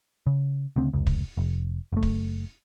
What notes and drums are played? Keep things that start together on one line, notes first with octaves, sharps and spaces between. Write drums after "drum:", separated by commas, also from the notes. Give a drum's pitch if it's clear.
C#3
D2 C#3 C4
F1 C#2
drum: kick
F1
F#1 A3
drum: kick